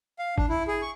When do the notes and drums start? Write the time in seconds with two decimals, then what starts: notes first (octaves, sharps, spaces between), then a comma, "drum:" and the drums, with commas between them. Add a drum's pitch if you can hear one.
0.19 F5
0.38 D4, drum: kick G#1
0.49 E4
0.68 G#4
0.82 C#6